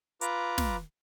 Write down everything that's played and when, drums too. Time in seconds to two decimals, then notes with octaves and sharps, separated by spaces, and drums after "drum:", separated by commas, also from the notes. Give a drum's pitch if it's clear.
0.21 F4 B4 A#5 D6, drum: hi-hat
0.58 drum: snare